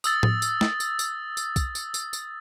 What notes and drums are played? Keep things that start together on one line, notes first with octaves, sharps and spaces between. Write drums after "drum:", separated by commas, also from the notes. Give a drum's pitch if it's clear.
D#6 E6 A6, drum: tambourine
drum: tom A2
drum: tambourine
drum: snare
drum: tambourine
drum: tambourine
drum: tambourine
drum: kick, tambourine
drum: tambourine
drum: tambourine
drum: tambourine